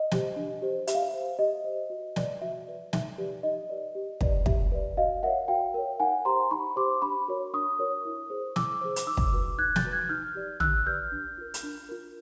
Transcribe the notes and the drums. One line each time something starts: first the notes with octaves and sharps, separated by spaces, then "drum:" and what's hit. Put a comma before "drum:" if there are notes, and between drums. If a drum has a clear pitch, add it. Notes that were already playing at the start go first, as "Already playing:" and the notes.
Already playing: D#5
G4 C5, drum: snare
D4
G4 C5
G4 E5, drum: hi-hat
F5
E5
C5
G4 D#5
C5
F#4
B4 D5, drum: snare
F#4 E5
B4 D5
D#4 E5, drum: snare
G4 B4 D5
D#4 D#5
G4 B4 D5
G4
B4 D5, drum: kick
G4 E5, drum: kick
B4 D5
F#4 D#5 F5
A#4 C#5 E5 F#5
F#4 F5 G5
A#4 C#5
D#4 F#5 G#5
G4 C5 A#5 C6
D#4 B5 C#6
G4 C5 C6 D6
D4 B5 C#6
F#4 A#4 C#5
D4 C#6 D#6
F#4 A#4 C#5
E4
G#4 C5
E4 D6 E6, drum: snare
G#4 C5
drum: hi-hat
D#4 D6 E6
drum: kick
F#4 B4
D#4 F#6 G#6
G6 A6, drum: snare
F#4 B4
F#6 G#6
D#4 F6 G6
G4 B4 D5
D#4 E6 F#6, drum: tom
G4 B4 D5 F6 G6
D4
F4 A#4
drum: hi-hat
D4
F4 A#4